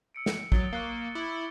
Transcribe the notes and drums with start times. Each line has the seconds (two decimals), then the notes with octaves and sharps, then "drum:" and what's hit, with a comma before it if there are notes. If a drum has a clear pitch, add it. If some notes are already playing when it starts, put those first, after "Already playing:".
0.14 E6 C#7 D7
0.26 drum: snare
0.52 F#3 D#6 A6 G7, drum: kick
0.73 A#3 C#6 F#6 G7
1.15 E4 D6 F#6 F#7